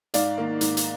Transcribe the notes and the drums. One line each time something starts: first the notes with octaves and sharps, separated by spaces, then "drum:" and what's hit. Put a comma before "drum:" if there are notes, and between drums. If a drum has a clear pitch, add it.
G#2 D5 F5, drum: hi-hat
D#3 A#3
G#2, drum: hi-hat
drum: hi-hat